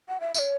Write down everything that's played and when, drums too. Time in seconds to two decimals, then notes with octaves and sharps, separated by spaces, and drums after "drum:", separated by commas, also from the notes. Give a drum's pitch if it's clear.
0.08 F#5
0.20 E5
0.34 E5, drum: tambourine
0.39 C#5